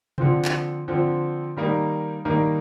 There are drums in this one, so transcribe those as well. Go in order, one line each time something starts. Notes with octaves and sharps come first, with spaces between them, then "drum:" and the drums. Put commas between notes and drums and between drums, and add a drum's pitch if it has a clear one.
D3 F3 C4, drum: tom C3
drum: clap
D3 F3 C4
D#3 G3 A#3 D#4
D#3 G3 A#3 D#4